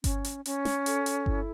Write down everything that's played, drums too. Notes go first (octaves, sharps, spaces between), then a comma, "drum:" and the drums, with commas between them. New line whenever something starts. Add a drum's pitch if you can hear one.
C#4, drum: kick G1, hi-hat
drum: hi-hat
C#4, drum: hi-hat
drum: snare
A4, drum: hi-hat
drum: hi-hat
E4, drum: kick G1